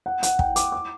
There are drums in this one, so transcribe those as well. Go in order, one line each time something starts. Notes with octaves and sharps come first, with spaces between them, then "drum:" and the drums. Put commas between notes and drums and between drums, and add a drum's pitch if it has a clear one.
F#5
F#5, drum: hi-hat
G5, drum: kick
D6, drum: hi-hat
D6